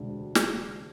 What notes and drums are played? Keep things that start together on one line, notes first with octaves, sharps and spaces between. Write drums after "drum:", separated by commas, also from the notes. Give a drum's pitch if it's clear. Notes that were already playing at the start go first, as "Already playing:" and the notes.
Already playing: E1 D2 C3 G#3 D4
drum: snare